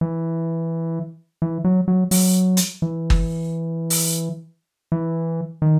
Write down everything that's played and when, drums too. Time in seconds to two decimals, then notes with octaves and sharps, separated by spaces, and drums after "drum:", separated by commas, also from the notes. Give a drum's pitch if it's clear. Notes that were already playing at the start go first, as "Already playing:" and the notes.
0.01 E3
1.42 E3
1.64 F#3
1.88 F#3
2.11 F#3, drum: open hi-hat
2.57 drum: hi-hat
2.82 E3
3.10 drum: kick G1
3.90 drum: open hi-hat
4.92 E3
5.62 D#3